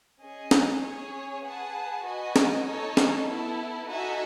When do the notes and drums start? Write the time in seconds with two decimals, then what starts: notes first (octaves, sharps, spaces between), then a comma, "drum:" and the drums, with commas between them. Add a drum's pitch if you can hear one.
0.21 C#4 G#4 D#5
0.51 drum: snare
0.81 C#4 G#4 C#5
1.43 G#4 B4 F#5 A5
2.05 F#4 B4 D#5 G#5
2.36 drum: snare
2.66 D#4 A4 C#5
2.97 drum: snare
3.28 B3 E4 A4
3.89 D#4 F#4 A4 E5 G#5